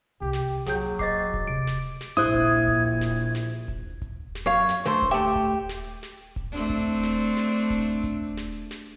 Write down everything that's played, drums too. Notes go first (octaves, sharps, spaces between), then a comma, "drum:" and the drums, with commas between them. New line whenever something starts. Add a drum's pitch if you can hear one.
C2 C#3 G4
drum: snare
F#3 A#3 G#4 G5 G6, drum: snare
C5 D#5 D6 A6 C7, drum: kick D#1, hi-hat
drum: kick D#1, hi-hat
C3 D7
drum: snare
drum: snare
A#1 E4 C5 D#6 F#6 G#6
drum: kick D#1, hi-hat
drum: kick D#1, hi-hat
drum: snare
drum: snare
drum: kick D#1, hi-hat
drum: kick D#1, hi-hat
drum: snare
F#2 C#5 F5
drum: snare
D2 D3 A3 C5
drum: kick D#1, hi-hat
A3 G4 E5
drum: kick D#1, hi-hat
drum: snare
drum: snare
drum: kick D#1, hi-hat
A3 C4 D4
drum: kick D#1
drum: snare
drum: snare
drum: kick D#1, hi-hat
drum: kick D#1, hi-hat
drum: snare
drum: snare